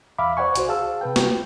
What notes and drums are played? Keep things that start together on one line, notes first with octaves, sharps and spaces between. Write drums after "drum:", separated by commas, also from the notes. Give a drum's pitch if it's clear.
E2 E5 F5 B5 D6
C5 D5 F#5 G#5 C#6
C2 F#4 C5, drum: hi-hat
G#4 F5 A5 E6
C3 B4 G5
drum: snare